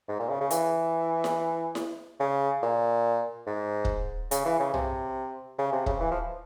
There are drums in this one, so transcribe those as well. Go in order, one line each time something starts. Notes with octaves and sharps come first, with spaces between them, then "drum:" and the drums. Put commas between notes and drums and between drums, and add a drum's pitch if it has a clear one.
G#2
A#2
C#3
C#3
E3, drum: hi-hat
drum: snare E4
drum: snare E4
C#3
A#2
G#2
drum: kick
C#3, drum: hi-hat
E3
C#3
C3, drum: tom B1
C#3
C3
C#3, drum: kick
E3
F3